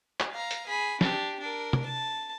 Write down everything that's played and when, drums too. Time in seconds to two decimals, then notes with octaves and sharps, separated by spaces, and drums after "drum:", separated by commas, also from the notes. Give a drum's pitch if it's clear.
0.20 drum: clap
0.32 F5 A#5
0.51 drum: hi-hat
0.67 G#4 B5
1.01 D4 G4, drum: snare
1.40 D4 A#4
1.73 drum: tom
1.85 A5